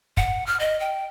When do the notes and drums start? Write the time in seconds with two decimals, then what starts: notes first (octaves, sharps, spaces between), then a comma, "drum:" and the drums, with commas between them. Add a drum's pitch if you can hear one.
0.17 F#5, drum: kick
0.47 F6
0.60 D#5
0.80 G5